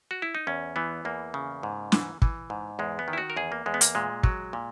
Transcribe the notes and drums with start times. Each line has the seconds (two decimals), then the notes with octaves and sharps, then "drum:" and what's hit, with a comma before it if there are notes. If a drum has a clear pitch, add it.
0.11 F#4
0.22 E4
0.35 D#4
0.47 E2 C#4
0.76 E3 B3
1.05 E2 A#3
1.34 C#3
1.63 G#2
1.92 E3, drum: snare
2.22 E3, drum: kick
2.50 G#2
2.79 E2 G#3
2.99 B3
3.08 D#3
3.13 E4
3.18 F#4
3.30 A#4
3.37 E2 G#4
3.52 A#3
3.66 E2 G#3
3.74 B3
3.81 A#3, drum: hi-hat
3.95 A#2 G#3
4.23 F#3, drum: kick
4.53 A#2